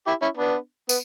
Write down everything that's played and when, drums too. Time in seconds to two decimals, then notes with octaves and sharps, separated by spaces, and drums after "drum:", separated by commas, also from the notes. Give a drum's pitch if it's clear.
0.07 E4 G4
0.22 C#4 E4
0.37 B3 D4
0.89 B3, drum: tambourine